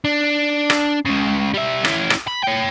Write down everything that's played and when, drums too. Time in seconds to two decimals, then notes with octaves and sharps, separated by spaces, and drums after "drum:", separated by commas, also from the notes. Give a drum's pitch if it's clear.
0.04 D4
0.70 drum: rim click
1.06 C#2 C#3
1.54 G3 E5
1.85 C#4 E4, drum: rim click
2.10 drum: rim click
2.28 B5
2.44 C#5 G5